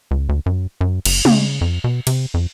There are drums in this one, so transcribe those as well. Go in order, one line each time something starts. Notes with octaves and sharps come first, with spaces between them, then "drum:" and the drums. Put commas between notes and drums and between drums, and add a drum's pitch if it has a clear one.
C#2
D2
F#2
F#2
F#1, drum: cymbal
C#3, drum: tom
F2
B2
C3, drum: cymbal
F2